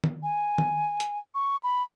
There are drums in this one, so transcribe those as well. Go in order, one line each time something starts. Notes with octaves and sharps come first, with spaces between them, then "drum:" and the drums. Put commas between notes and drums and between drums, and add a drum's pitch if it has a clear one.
drum: tom D#3
G#5
drum: tom D#3
drum: hi-hat
C#6
B5